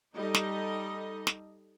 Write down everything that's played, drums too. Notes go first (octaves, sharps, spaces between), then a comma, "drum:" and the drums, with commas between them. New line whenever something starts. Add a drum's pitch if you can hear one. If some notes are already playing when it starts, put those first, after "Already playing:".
G3 D#4 A4 D#5
drum: snare
drum: snare